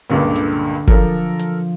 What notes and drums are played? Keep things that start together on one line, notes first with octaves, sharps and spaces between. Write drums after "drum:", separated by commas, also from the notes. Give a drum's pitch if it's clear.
C#2 G2 A#2 D3 D4
drum: hi-hat
F3 A4 A#4, drum: kick, hi-hat
drum: hi-hat